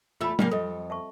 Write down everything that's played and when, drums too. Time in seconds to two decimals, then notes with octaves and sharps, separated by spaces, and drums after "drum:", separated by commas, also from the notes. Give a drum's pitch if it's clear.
0.21 E2 A3 F4 E5 B5
0.39 C#3 G3 A#3, drum: tom F#3
0.52 F2 A4 D#5
0.90 E5 A5 C#6